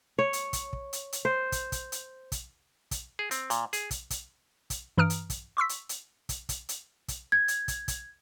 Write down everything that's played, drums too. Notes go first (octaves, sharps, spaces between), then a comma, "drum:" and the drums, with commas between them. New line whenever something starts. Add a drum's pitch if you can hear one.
C#5
drum: hi-hat
drum: kick, hi-hat
drum: kick
drum: hi-hat
drum: hi-hat
C5
drum: kick, hi-hat
drum: kick, hi-hat
drum: hi-hat
drum: kick, hi-hat
drum: kick, hi-hat
G#4
C4, drum: hi-hat
A#2, drum: hi-hat
G#4, drum: hi-hat
drum: kick, hi-hat
drum: kick, hi-hat
drum: kick, hi-hat
G2 E3 A#5 D#6 F6 D7
drum: hi-hat
drum: kick, hi-hat
C6 C#6 E6 B6
drum: hi-hat
drum: hi-hat
drum: kick, hi-hat
drum: kick, hi-hat
drum: hi-hat
drum: kick, hi-hat
G#6
drum: hi-hat
drum: kick, hi-hat
drum: kick, hi-hat